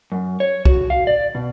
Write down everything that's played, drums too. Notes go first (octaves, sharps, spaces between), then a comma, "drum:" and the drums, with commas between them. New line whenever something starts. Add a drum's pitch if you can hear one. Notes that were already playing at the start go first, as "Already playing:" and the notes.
F#2
C#5
F#4, drum: kick C2
F5
D5
B2